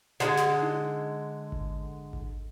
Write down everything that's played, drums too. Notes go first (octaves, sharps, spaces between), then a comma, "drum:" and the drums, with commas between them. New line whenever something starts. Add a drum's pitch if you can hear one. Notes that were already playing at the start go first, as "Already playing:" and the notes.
D3 G3 G#3, drum: snare
drum: snare
drum: tom D#4
drum: kick G#1
drum: kick G#1